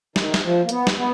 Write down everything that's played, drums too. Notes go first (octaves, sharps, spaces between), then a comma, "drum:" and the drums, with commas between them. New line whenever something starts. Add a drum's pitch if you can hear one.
D#3, drum: snare
drum: snare
F3
A#3
B3, drum: hi-hat
drum: snare
B3